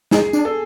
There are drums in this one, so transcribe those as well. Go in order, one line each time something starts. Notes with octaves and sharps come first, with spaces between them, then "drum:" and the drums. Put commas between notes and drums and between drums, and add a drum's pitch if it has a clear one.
D#4 G#4, drum: snare
D4, drum: tambourine
A4